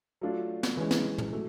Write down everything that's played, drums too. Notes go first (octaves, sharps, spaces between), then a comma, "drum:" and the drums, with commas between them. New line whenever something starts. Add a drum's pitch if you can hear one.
F#3 A3 D4 F4
drum: snare
E3 G#3 C#4
drum: snare
drum: tom
F#3 A3